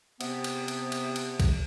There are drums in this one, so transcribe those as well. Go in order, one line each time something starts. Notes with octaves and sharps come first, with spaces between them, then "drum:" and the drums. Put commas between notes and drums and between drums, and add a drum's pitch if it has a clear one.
C3 B3, drum: cymbal
drum: cymbal
drum: cymbal
drum: cymbal
drum: cymbal
drum: kick, cymbal